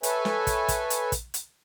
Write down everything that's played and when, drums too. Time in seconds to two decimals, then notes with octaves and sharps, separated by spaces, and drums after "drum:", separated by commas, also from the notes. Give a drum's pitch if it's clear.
0.03 A4 B4 C#5 E5 G#5, drum: hi-hat
0.25 drum: snare
0.47 drum: kick, hi-hat
0.68 drum: kick, hi-hat
0.90 drum: hi-hat
1.12 drum: kick, hi-hat
1.34 drum: hi-hat